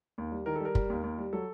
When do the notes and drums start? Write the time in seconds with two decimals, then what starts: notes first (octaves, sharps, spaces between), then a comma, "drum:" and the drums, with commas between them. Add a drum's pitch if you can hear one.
0.18 D#2
0.32 G3
0.46 D#3 A#4
0.56 A4
0.60 G3 A#4
0.75 G3, drum: kick
0.90 D#2
1.03 D#2
1.18 G3
1.33 F#3 A4